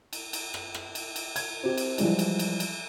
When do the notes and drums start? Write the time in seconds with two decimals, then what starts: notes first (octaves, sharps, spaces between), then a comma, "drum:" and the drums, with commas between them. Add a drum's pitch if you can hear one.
0.13 drum: cymbal
0.33 drum: cymbal
0.54 drum: rim click
0.74 drum: rim click
0.95 drum: cymbal
1.16 drum: cymbal
1.36 G#6, drum: cymbal
1.63 C4 G4
1.78 drum: cymbal
1.98 E3 F3 G3 G#3, drum: cymbal
2.19 drum: cymbal
2.39 drum: cymbal
2.60 drum: cymbal